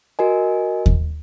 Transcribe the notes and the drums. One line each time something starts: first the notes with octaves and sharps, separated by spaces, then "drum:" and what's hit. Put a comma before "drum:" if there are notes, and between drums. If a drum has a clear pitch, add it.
F#4 A#4 D#5 G#5
drum: kick D#2